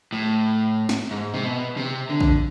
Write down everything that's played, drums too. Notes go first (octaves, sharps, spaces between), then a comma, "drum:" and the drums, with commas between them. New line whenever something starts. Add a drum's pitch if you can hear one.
A2
drum: snare
G#2
C3
B2
C3
D3
drum: kick A#1